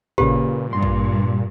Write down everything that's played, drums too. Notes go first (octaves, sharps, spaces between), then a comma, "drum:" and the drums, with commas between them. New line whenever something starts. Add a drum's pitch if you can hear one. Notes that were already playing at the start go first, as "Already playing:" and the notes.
A#2 C#3 A#3 G4 B4, drum: kick
G2 C6
drum: kick